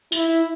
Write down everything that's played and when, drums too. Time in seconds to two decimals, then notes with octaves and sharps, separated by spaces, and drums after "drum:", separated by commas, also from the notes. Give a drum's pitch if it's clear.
0.12 E4, drum: tambourine